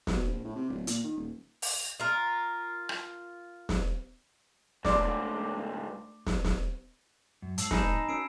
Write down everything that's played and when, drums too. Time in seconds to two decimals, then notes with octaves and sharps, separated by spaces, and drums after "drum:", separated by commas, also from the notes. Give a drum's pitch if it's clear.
0.07 B2, drum: snare
0.26 A#1
0.44 A2
0.55 C3
0.69 D1
0.87 A#2, drum: hi-hat
1.04 D#3
1.17 D#1
1.62 drum: open hi-hat
2.00 F4 A#4
2.89 drum: rim click
3.69 drum: snare
4.85 C#2 G#2 A3 D4 D5 C6 D6, drum: snare
6.27 drum: snare
6.45 drum: snare
7.42 F#2
7.58 G#2 A5 E6 C7, drum: hi-hat
7.71 D#4 G#5 B5 E7, drum: snare
8.09 C#4 F#4 A#4 E6 C7 D7